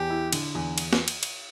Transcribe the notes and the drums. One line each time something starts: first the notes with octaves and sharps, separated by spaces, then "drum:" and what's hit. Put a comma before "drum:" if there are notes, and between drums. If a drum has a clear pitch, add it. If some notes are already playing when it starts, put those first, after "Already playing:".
Already playing: E2 G4
E4
D3, drum: cymbal
E2
drum: cymbal
drum: snare
drum: cymbal
drum: cymbal